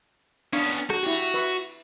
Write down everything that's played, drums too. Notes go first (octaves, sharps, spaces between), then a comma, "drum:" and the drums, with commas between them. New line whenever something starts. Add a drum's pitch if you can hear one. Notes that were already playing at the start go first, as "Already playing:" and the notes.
B3 C#4 D4 F5 C#6
F#4, drum: rim click
E4 G4, drum: cymbal
B4 E5 C#6